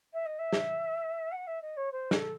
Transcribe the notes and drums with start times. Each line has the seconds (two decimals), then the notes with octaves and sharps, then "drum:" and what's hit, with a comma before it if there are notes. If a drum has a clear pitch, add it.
0.13 E5
0.25 D#5
0.39 E5
0.53 drum: snare
1.32 F#5
1.47 E5
1.62 D#5
1.77 C#5
1.92 C5
2.11 A4, drum: snare